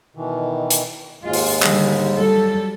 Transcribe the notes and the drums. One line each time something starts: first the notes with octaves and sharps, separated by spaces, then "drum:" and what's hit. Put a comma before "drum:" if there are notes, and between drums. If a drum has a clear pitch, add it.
B2 D#3 E3
drum: hi-hat
D#2 G#2 G#3 F4
drum: open hi-hat
D3 D#3 G3, drum: clap
F#3 G3 A4